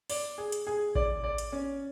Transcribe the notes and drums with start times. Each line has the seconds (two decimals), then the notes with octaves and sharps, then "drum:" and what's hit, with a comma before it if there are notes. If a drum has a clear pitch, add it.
0.10 D5, drum: open hi-hat
0.38 G#4
0.52 drum: hi-hat
0.67 G#4
0.95 D5, drum: kick A1
1.24 D5
1.38 drum: hi-hat
1.52 C#4